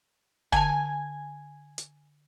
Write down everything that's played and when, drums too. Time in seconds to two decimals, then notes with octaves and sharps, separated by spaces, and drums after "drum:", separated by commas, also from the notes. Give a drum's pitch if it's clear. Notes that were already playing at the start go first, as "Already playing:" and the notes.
0.52 D3 G#5 A5, drum: kick F#1
1.78 drum: hi-hat